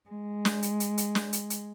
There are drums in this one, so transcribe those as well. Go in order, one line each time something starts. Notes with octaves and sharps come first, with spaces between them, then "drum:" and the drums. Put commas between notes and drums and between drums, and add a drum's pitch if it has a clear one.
G#3
drum: snare
drum: hi-hat
drum: hi-hat
drum: hi-hat
drum: snare
drum: hi-hat
drum: hi-hat